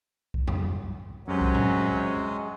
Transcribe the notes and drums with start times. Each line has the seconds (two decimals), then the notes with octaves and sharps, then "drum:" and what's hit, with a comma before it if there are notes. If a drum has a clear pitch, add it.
0.34 drum: kick C2
0.47 drum: tom F2
1.28 F#2 C3 F#3 G#3 C#4
1.41 drum: kick C2
1.55 drum: tom A2